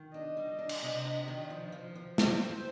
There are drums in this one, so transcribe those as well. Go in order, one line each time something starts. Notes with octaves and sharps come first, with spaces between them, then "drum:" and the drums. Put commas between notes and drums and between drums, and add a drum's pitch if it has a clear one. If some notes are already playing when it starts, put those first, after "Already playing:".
Already playing: D#3
D4 D#5
G3
D4
drum: cymbal
C3
D4
D#3
F3
F3
F3
C4 C5, drum: snare
C4